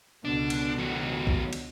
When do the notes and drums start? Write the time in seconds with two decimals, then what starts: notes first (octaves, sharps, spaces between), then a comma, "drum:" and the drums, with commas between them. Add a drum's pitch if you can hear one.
0.25 C#2 B2 D3 D4
0.50 drum: cymbal
0.78 D#3 F#3
1.27 drum: kick A1
1.53 drum: cymbal